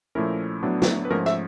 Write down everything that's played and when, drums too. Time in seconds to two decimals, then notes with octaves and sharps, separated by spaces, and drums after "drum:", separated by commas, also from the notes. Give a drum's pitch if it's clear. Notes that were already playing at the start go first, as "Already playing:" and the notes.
0.15 A#2 F3 A3 C#4 E4 A#4
0.63 A2 F#3 B3 D4
0.82 drum: snare
1.05 B4
1.10 G#2 F3 A3 C#4 A#4
1.26 E5, drum: rim click